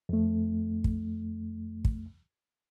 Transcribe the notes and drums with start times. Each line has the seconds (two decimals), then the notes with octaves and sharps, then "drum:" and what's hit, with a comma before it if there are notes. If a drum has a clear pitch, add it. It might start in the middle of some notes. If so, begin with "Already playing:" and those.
0.09 F2 A3
0.84 drum: kick
1.85 drum: kick